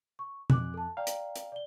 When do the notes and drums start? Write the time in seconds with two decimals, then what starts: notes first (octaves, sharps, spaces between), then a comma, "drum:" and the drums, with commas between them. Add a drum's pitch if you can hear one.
0.19 C#6
0.50 F2 G#5 D6 F#6, drum: tom
0.74 A4 A5
0.97 D5 F5 G5 A#5
1.07 drum: hi-hat
1.36 drum: hi-hat
1.52 D5 G7